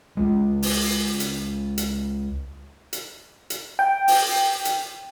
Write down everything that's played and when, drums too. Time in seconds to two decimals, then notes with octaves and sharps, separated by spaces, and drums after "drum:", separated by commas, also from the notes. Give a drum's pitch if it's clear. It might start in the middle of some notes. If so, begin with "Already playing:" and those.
0.17 C#2 G#3
0.62 drum: open hi-hat
1.20 drum: hi-hat
1.78 drum: hi-hat
2.93 drum: hi-hat
3.50 drum: hi-hat
3.79 G5
4.08 drum: open hi-hat
4.65 drum: hi-hat